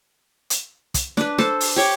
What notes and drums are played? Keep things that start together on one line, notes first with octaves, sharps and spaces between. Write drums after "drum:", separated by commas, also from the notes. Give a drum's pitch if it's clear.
drum: hi-hat
drum: kick, hi-hat
D4 B4, drum: snare
A4 C5 A5, drum: snare
drum: open hi-hat
G4 C#5 G5 D6